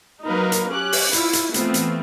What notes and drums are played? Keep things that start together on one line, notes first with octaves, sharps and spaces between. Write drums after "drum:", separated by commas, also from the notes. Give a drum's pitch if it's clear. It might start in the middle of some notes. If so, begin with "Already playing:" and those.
F#3 A#3 D#4 A#4 B4
drum: hi-hat
C#4 G4 D6 F#6
drum: open hi-hat
E4 F4, drum: hi-hat
drum: hi-hat
E3 A3 B3 C4 F4, drum: hi-hat
drum: hi-hat